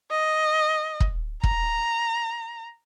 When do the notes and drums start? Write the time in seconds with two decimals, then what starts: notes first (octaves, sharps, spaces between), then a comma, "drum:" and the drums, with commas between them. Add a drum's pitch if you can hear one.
0.11 D#5
1.00 drum: kick
1.43 A#5, drum: kick